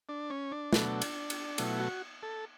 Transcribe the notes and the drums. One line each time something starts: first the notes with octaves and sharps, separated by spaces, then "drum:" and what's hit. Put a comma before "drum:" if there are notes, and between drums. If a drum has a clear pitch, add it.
D4
C#4
D4
B2 F#3 A3, drum: snare
drum: cymbal
drum: cymbal
B2 F#3 A3 E4, drum: cymbal
F#4
A4